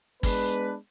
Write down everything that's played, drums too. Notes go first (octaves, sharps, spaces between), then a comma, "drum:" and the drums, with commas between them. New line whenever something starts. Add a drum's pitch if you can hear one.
G#3 B3 D4 B4, drum: kick, open hi-hat